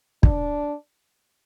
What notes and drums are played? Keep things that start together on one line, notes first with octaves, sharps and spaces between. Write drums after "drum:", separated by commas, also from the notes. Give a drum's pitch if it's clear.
D4, drum: kick